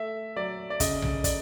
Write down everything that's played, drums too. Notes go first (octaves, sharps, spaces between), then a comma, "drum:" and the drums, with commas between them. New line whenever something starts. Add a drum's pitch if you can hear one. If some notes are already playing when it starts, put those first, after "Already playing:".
Already playing: A3 E5
F#3 D5
D5
C#3 D#5, drum: kick, hi-hat
drum: tom B1
D5, drum: kick, hi-hat